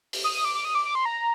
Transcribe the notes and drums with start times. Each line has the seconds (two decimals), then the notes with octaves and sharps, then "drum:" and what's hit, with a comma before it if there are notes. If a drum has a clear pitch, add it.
0.13 drum: open hi-hat
0.24 D#6
0.34 D#6
0.45 D6
0.55 D6
0.65 D#6
0.75 D6
0.85 D6
0.95 C6
1.05 A#5